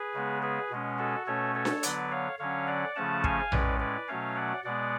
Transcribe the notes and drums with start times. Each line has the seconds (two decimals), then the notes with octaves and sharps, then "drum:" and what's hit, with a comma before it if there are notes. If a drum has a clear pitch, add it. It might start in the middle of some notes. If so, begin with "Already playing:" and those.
Already playing: G#4 B4
0.14 C#3 G#3 B3
0.42 G#4 B4
0.70 B2 G#3 C#4
0.98 F#4 A4
1.27 B2 A3 C#4 A4 C#5
1.55 A4 C#5
1.65 drum: snare D4
1.83 D3 F#3 B3 B4 D5, drum: hi-hat
2.11 C#5 F5
2.39 D3 F#3 C#4 C#5 F5
2.67 D5 F#5
2.96 C#3 F3 A3 C#4 F#5 A5
3.24 F5 G#5, drum: kick
3.52 A2 G#3 C#4 B4 D5, drum: tom A#1
3.80 B4 D5
4.08 B2 F#3 A3 C#4 C#5 F5
4.36 D5 F#5
4.65 B2 G#3 B3 D5 F#5